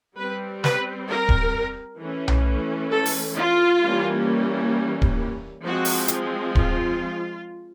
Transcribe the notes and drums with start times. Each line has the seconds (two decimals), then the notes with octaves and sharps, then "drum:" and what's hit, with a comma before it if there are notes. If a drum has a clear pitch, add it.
0.18 G3 C4 B4
0.64 B4, drum: snare
1.10 A#4
1.29 drum: kick D1
2.00 E3 A3 C#4
2.28 drum: tom B1
2.92 A4
3.06 drum: open hi-hat
3.37 F4
3.82 E3 G3 A#3 C#4
5.02 drum: kick D1
5.64 F3 G#3 C4 F#4
5.85 drum: open hi-hat
6.08 drum: hi-hat
6.55 F4, drum: kick D1